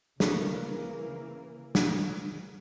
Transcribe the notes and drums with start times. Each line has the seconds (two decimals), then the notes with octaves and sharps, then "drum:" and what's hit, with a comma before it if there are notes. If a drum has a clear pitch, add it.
0.20 C#3 E3 A#3, drum: snare
1.75 drum: snare